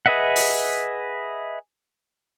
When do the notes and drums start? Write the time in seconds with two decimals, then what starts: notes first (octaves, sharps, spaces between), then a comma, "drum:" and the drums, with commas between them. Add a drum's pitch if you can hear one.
0.06 G#4 B4 D#5 E5 F#5
0.36 drum: open hi-hat